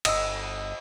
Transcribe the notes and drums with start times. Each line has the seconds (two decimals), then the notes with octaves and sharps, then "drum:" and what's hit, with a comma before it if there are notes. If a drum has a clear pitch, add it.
0.05 G1 D#5 D#6 E6, drum: cymbal